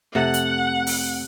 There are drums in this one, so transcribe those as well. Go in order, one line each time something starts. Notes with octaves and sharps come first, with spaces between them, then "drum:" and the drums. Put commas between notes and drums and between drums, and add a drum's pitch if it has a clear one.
F2 C3 A3 C4 A4 F#5
drum: hi-hat
drum: open hi-hat